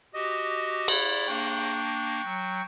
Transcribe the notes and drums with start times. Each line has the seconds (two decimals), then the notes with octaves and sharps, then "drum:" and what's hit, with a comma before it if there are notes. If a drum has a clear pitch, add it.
0.14 F#4 G4 D#5
0.88 E4 D5, drum: cymbal
1.27 A#3 D4 G5 C#6
2.23 F#3